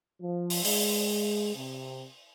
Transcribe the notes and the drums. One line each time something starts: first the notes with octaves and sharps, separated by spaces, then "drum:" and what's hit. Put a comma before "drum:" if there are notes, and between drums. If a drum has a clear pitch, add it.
F3
drum: open hi-hat
G#3, drum: open hi-hat
C3